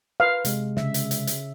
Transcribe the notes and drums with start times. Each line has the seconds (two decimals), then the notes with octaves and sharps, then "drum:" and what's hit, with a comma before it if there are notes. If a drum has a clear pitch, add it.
0.20 B4 F5
0.45 C3 G#3, drum: hi-hat
0.77 C#3 E5, drum: snare
0.94 drum: hi-hat
1.11 drum: hi-hat
1.27 drum: hi-hat